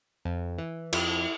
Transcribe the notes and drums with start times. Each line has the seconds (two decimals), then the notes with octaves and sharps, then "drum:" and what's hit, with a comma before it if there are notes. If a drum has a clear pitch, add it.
0.25 F2
0.58 E3
0.93 F2 E4, drum: cymbal